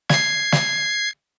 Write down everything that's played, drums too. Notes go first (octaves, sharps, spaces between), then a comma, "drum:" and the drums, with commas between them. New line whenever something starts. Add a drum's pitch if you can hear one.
G#6 C7, drum: snare
drum: snare